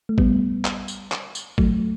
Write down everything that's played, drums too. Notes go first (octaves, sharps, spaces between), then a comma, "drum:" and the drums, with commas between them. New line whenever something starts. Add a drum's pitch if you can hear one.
A3
G3 B3, drum: kick
drum: clap
drum: tambourine
drum: clap
drum: tambourine
F#3 A3, drum: kick